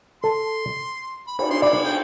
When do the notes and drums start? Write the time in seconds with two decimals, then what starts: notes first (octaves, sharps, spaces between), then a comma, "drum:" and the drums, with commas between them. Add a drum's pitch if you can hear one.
0.23 A4 C6
1.27 B5
1.39 B5, drum: cymbal
1.51 C6
1.62 D5 B5
1.84 G5